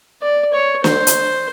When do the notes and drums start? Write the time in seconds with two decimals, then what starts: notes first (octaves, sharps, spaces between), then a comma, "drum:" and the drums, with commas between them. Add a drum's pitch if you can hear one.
0.22 D5
0.53 C#5
0.84 C5, drum: snare
1.07 drum: hi-hat